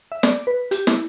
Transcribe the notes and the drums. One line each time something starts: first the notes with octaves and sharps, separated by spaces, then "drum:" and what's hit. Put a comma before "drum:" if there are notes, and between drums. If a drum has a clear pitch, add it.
E5
D5, drum: snare
B4
G4, drum: hi-hat
E4, drum: snare